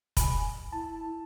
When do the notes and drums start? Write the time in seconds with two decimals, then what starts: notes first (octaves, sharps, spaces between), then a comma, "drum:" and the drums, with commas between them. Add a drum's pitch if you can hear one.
0.17 G#5 B5, drum: kick, hi-hat
0.72 E4 A5